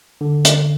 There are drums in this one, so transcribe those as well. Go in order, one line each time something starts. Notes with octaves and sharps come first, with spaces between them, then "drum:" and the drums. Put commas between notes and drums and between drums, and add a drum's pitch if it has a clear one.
D3
drum: hi-hat